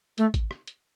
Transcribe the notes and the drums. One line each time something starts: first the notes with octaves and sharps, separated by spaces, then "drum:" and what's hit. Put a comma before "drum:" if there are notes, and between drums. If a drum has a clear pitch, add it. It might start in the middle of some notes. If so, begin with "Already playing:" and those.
A3, drum: hi-hat
drum: kick G#1, hi-hat
drum: rim click
drum: hi-hat